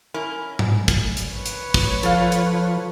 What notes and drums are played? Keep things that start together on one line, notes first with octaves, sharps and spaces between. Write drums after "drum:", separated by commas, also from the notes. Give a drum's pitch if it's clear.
C#4 E4 A#4
drum: tom G#2
drum: kick, hi-hat
drum: hi-hat
B4 C#5
drum: hi-hat
drum: kick, open hi-hat
F3 A4 F5, drum: hi-hat
drum: hi-hat